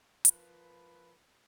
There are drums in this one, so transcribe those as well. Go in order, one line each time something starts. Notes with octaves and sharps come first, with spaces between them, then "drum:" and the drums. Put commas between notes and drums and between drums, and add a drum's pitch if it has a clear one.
F3 A#4 B4, drum: hi-hat